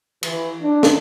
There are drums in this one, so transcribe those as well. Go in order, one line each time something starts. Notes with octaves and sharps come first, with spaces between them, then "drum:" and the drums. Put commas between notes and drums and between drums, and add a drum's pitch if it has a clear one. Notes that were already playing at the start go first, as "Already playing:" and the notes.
E3, drum: cymbal
D4
drum: snare